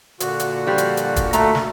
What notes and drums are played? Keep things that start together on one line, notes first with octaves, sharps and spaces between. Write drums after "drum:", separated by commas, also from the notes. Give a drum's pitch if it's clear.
A#2 D3 F#4, drum: hi-hat
drum: hi-hat
F3 G3
drum: hi-hat
drum: hi-hat
drum: kick, hi-hat
A3 A#5, drum: hi-hat
drum: snare